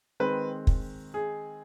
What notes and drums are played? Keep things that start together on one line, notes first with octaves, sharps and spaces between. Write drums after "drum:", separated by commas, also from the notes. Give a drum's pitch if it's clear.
D#3 G#3 C4 B4
drum: kick
G#4